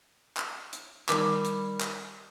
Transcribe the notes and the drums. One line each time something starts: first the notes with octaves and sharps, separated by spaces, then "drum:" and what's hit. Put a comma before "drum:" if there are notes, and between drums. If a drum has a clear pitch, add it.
drum: clap
drum: hi-hat
D#3 G3 D6, drum: clap
drum: hi-hat
drum: clap